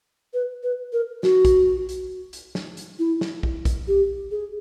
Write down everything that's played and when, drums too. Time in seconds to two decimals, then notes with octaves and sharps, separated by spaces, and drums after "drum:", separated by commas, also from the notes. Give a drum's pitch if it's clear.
0.34 B4
0.63 B4
0.93 A#4
1.23 F#4, drum: snare
1.45 drum: kick, hi-hat
1.89 drum: hi-hat
2.33 drum: hi-hat
2.55 drum: snare
2.77 drum: hi-hat
2.99 E4
3.21 drum: snare
3.43 drum: kick
3.65 drum: kick, hi-hat
3.88 G4
4.31 G#4